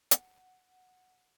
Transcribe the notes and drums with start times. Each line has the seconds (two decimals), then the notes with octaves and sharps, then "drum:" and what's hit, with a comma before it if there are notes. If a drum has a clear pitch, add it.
0.11 F#5, drum: hi-hat